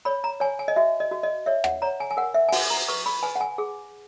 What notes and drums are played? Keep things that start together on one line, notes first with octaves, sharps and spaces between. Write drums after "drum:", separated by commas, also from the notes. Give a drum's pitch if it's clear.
C#5 B5
A#5
C#5 G#5
G#5
D#5
F#4 E5
D#5
F#4
D#5
C#5 E5
F#5, drum: rim click
C#5 A#5
G#5
G#5
A#4 F#5
E5
G#5
F#4 F#5, drum: open hi-hat
A#5
B4 C#6
B5
B4 G#5
F#5
G#5
G#4